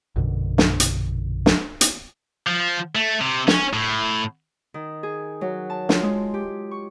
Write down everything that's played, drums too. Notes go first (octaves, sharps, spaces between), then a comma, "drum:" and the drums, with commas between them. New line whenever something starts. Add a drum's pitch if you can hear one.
A#1 F#2 B2 D3
drum: snare
drum: hi-hat
drum: snare
drum: hi-hat
F3
A3
C3
C#4, drum: snare
A2
D#3
G#4
F#3
A5
F4, drum: snare
G#3
G4
C#6